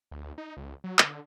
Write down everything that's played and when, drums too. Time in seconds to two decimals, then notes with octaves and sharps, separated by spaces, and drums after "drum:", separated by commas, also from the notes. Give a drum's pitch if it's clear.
0.11 D2
0.38 D#4
0.57 C#2
0.84 F#3
0.99 D3, drum: clap